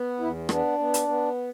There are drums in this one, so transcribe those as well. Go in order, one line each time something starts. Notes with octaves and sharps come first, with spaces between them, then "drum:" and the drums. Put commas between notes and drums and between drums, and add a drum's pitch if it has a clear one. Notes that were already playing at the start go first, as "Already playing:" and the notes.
Already playing: B3
E2 E4
B3 D4, drum: rim click
B3
drum: hi-hat
B3